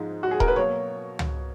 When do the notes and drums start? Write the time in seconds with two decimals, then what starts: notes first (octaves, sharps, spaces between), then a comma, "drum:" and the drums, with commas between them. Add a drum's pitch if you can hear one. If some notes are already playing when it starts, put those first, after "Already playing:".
Already playing: G#2 F3 G#3 D#4
0.23 F#4
0.31 G#4
0.40 A#4, drum: kick D#1
0.48 B4
0.56 B2 F#3 A#3 C#5
1.19 drum: tom